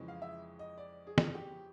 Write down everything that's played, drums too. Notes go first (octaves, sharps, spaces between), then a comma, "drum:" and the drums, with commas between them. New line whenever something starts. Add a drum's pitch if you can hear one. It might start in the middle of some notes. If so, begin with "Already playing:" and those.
Already playing: F2 C#3 E3 G#3 C#4
F5
E5
D#5
D5
G#4
drum: snare
G4